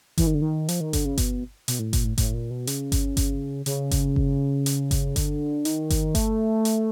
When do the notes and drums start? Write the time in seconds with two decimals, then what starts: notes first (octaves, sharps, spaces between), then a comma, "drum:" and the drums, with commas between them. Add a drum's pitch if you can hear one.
0.18 E3, drum: kick G1, hi-hat
0.27 D#3
0.35 D3
0.42 D#3
0.68 F3, drum: hi-hat
0.80 D#3
0.93 D3, drum: kick G1, hi-hat
1.05 C#3
1.18 B2, drum: kick G1, hi-hat
1.68 B2, drum: hi-hat
1.79 A2
1.93 A#2, drum: kick G1, hi-hat
2.04 A2
2.18 A2, drum: kick G1, hi-hat
2.34 A#2
2.51 B2
2.67 C#3, drum: hi-hat
2.92 drum: kick G1, hi-hat
3.17 drum: kick G1, hi-hat
3.66 C#3, drum: hi-hat
3.91 drum: kick G1, hi-hat
4.16 drum: kick G1
4.66 drum: hi-hat
4.91 drum: kick G1, hi-hat
5.16 D3, drum: kick G1, hi-hat
5.65 D#3, drum: hi-hat
5.90 drum: kick G1, hi-hat
6.15 A3, drum: kick G1, hi-hat
6.65 drum: hi-hat